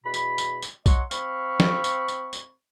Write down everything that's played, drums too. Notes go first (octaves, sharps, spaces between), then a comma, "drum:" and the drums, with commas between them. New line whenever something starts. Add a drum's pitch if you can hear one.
E2 B2 B5
drum: tambourine
drum: tambourine
drum: tambourine
F#3 D#5 F#5 C6 C#6, drum: kick B1, tambourine
C4 F5 B5 C#6, drum: tambourine
drum: snare
drum: tambourine
drum: tambourine
drum: tambourine